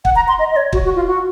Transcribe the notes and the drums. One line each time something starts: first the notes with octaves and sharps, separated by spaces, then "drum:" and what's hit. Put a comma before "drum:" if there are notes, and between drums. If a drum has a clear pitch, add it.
F#5, drum: kick
A#5
C6
D#5
D#5
C#5
F#4, drum: kick
F#4
F4
F#4